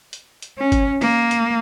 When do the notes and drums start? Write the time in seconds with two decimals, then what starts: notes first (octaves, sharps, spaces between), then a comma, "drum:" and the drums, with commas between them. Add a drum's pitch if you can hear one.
0.13 drum: hi-hat
0.42 drum: hi-hat
0.58 C#4
0.72 drum: kick G1, hi-hat
1.01 A#3, drum: open hi-hat
1.31 drum: hi-hat